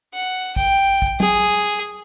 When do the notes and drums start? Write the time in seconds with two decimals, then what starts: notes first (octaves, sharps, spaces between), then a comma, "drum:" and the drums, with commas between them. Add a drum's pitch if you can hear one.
0.14 F#5
0.56 G5, drum: kick
1.02 drum: kick
1.20 G#4, drum: tom